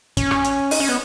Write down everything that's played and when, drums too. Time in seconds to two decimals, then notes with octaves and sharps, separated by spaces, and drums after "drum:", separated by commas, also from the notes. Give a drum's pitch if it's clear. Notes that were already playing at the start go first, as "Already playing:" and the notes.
0.17 C#4, drum: kick, hi-hat
0.31 drum: rim click
0.44 drum: hi-hat
0.71 D#4, drum: open hi-hat
0.80 C#4
0.89 B3